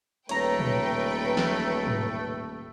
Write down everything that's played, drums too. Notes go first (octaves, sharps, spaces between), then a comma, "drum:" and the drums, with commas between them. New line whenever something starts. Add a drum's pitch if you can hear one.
D#1 A3 B4 C#5 G5 A#5 A#6, drum: cymbal
drum: tom A#2
drum: snare
drum: tom G#2